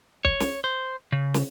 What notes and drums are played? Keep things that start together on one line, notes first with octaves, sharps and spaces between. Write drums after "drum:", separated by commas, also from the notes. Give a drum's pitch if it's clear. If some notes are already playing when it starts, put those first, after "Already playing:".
C#5, drum: kick
drum: snare
C5
C#3
drum: snare